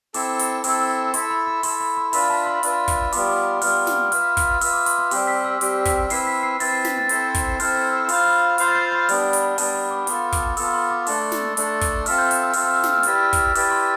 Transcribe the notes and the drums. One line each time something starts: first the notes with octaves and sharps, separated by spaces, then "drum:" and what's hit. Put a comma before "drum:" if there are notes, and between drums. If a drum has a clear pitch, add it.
C4 E4 A4 D6, drum: open hi-hat
drum: hi-hat
C4 E4 A4 E6, drum: open hi-hat
E6
E4 A4 E5 C6, drum: hi-hat
B5
B5
E4 A4 E5 C6, drum: open hi-hat
B5
C6
D4 F4 B4 E5 B5, drum: open hi-hat
A5
C6
D4 F4 B4 E5, drum: hi-hat
drum: kick, hi-hat
G3 B3 F4 D6, drum: open hi-hat
D6
G3 B3 F4 F6, drum: open hi-hat
F6, drum: snare
F4 B4 E5 F6, drum: hi-hat
F6, drum: kick, hi-hat
F4 B4 E5 E6, drum: open hi-hat
D6
C6, drum: hi-hat
C6
G3 C4 G4 C6, drum: open hi-hat
B6
E6
G3 C4 G4, drum: hi-hat
B6, drum: kick, hi-hat
C4 E4 B4 C7, drum: open hi-hat
B6
C7
C4 E4 B4 A6, drum: open hi-hat
C7
B6, drum: snare
A6
C4 E4 A4 C5, drum: hi-hat
drum: kick, hi-hat
C4 E4 A4 C5 F6, drum: open hi-hat
E6
F4 C5 F5 B5, drum: open hi-hat
B5
F4 C5 F5 F6, drum: hi-hat
A6
G6
B5
G3 B3 D4, drum: open hi-hat
drum: hi-hat
G3 B3 D4 A5, drum: open hi-hat
B5
D6
B3 F4 A4 B5, drum: hi-hat
D6, drum: kick, hi-hat
B3 F4 A4 E6, drum: open hi-hat
C6
D6
A3 D4 A4, drum: open hi-hat
drum: snare
A3 D4 A4, drum: hi-hat
drum: kick, hi-hat
C4 F4 A4 E5 F6, drum: open hi-hat
G6
F6, drum: hi-hat
E6
C4 F4 A4 E5 F6, drum: open hi-hat
E6
F6
E6, drum: snare
F6
E4 G4 B4 D5 E6, drum: hi-hat
F6
E6
F6, drum: kick, hi-hat
E6
E4 G4 B4 D5 D6, drum: open hi-hat
C6